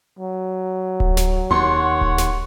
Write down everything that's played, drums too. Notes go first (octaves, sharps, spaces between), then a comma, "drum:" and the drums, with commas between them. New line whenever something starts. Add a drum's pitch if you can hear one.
F#3
drum: kick D1
drum: snare
D#2 C#5 F#5 C6
drum: kick D1
drum: snare